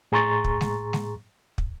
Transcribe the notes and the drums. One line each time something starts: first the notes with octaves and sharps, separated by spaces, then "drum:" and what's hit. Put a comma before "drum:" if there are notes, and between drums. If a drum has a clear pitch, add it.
A2 G#4 A#5 C6 C#6 A6
drum: kick
drum: snare G#3
drum: snare G#3
drum: kick